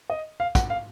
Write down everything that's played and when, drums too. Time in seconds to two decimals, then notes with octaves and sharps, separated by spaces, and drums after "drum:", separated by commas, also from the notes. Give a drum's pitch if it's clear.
0.10 D#5
0.40 F5
0.55 F#5, drum: kick, hi-hat
0.70 F5